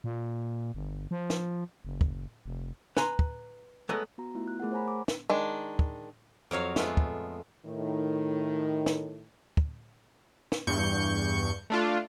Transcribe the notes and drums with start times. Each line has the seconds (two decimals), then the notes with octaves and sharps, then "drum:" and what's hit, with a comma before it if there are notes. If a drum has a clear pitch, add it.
0.04 A#2
0.74 G1
1.11 F3
1.30 drum: snare
1.85 F#1
2.01 drum: kick
2.46 F1
2.97 B4 G#5 A#5 C6, drum: snare
3.19 drum: kick
3.89 F#3 G#3 A3 B3 D#5
4.18 B3 F#4 A#5
4.35 A3 B3 E4 F4
4.48 F#6
4.60 A3 G#4 A#4 F#5
4.72 C5 C#5 F#5 G#5 A#5 B5
4.88 G#5 D6
5.08 drum: snare
5.30 D#3 G#3 D4
5.79 drum: kick
6.51 F2 F#3 C#5 F5
6.76 G#3 A3 B3 F4, drum: snare
6.97 drum: kick
7.66 A2 D#3
8.86 drum: snare
9.57 drum: kick
10.52 drum: snare
10.67 E2 G2 C#6 G6 C#7
11.70 A3 D4 F4